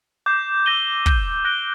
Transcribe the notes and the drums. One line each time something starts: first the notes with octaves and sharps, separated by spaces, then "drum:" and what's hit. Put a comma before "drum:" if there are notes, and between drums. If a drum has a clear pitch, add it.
D6 G6 C7
E6 G6 A#6 D#7 G7
E6 G6 A#6 D#7 G7, drum: kick
F#6 A#6 D7 G7